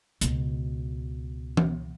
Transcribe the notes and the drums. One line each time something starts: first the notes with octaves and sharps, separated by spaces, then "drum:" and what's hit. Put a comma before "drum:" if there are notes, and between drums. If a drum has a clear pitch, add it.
C#2 B2, drum: hi-hat
drum: tom E3